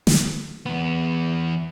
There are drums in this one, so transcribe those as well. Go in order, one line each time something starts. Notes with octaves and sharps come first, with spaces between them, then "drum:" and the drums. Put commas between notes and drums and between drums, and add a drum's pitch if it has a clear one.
drum: snare
E2 B3